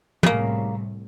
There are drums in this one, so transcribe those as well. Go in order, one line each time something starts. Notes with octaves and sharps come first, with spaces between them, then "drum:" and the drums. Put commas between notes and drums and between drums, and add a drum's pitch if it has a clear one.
C2 A2 C#3 A#3, drum: tom